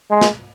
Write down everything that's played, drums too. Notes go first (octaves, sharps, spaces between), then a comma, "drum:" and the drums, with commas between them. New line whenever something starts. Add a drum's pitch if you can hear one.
G#3
drum: snare